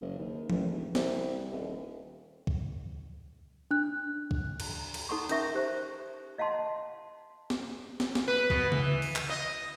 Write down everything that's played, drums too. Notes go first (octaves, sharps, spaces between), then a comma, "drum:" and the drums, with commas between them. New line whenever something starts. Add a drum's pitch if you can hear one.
F#1
D#2
A1, drum: tom F3
E1
C2, drum: snare
D#1
drum: kick
D4 F#6
drum: kick
drum: cymbal
drum: cymbal
D#4 A4 F#5 C6 C#6
C#4 D#4 A#4 E5 C#6, drum: hi-hat
G4 C5
D#5 F5 F#5 A5 C6
drum: snare
drum: snare
drum: snare
B4
B2, drum: kick
E3, drum: tom C#3
drum: open hi-hat
drum: clap
D#5